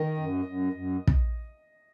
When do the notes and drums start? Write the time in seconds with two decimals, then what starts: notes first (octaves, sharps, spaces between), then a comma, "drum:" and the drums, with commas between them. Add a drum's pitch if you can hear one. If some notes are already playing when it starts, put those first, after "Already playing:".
Already playing: D#3 D#5
0.17 F#2
0.45 F#2
0.73 F#2
1.07 drum: kick